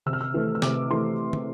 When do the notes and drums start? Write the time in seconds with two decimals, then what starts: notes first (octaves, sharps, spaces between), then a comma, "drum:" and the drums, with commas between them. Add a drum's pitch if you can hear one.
0.06 C3 E6
0.13 F6
0.21 E6
0.34 E3 A3
0.55 E6
0.62 C3 D6, drum: snare
0.90 E3 A3 C6
1.33 drum: tom